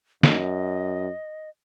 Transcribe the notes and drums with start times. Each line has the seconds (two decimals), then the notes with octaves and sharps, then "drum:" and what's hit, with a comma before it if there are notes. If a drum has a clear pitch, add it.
0.23 F#2 D#5, drum: snare